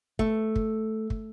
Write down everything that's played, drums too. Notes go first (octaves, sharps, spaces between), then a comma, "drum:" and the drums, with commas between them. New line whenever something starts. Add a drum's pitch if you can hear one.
A3, drum: kick
drum: kick
drum: kick